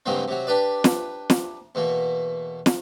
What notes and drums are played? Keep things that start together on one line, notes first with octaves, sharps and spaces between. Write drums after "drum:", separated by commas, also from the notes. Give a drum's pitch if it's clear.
G2 C#3 F#3 G#3 A#3 C4
C3 F#3
D4 G4 B4 D5
drum: snare
drum: snare
E2 B2 A#3
drum: snare